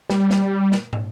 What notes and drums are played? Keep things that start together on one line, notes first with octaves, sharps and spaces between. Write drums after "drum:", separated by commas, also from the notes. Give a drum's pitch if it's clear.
G3, drum: snare
drum: snare
drum: snare
drum: tom